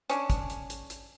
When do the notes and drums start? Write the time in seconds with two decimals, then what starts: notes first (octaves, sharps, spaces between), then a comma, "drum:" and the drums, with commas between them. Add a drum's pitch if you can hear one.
0.10 C#4 D4, drum: hi-hat
0.30 drum: kick, hi-hat
0.50 drum: hi-hat
0.70 drum: hi-hat
0.90 drum: hi-hat